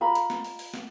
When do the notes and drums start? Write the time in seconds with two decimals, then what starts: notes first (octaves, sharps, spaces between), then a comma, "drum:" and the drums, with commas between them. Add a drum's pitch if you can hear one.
0.01 F4 A#5 B5
0.15 drum: hi-hat
0.30 drum: snare
0.45 drum: open hi-hat
0.59 drum: open hi-hat
0.74 drum: snare